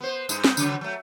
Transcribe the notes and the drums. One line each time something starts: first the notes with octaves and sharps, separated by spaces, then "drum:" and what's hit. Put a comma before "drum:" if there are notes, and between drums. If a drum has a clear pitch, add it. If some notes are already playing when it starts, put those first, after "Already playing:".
B3 C5
G2 D#4, drum: tambourine
drum: snare
C#3 F#3, drum: tambourine
F#3 A3